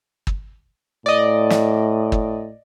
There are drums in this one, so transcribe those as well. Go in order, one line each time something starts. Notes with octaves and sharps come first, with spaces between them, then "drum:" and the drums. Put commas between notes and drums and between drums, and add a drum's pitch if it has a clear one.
drum: kick
A2 D5 D#5
drum: snare
drum: kick